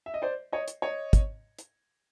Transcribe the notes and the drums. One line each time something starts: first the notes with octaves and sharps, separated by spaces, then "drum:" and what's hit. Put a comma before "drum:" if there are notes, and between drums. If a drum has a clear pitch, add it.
E5
D#5
C5 D5
C#5 D#5
drum: hi-hat
C#5 D#5
drum: kick, hi-hat
drum: hi-hat